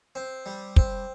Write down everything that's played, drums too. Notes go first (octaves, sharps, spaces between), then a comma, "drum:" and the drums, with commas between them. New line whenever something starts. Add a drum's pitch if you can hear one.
C4
G3
C4, drum: kick